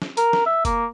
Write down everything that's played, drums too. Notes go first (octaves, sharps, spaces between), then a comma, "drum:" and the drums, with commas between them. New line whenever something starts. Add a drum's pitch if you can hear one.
drum: snare
A#4, drum: hi-hat
drum: snare
E5
A#3, drum: kick F#1, hi-hat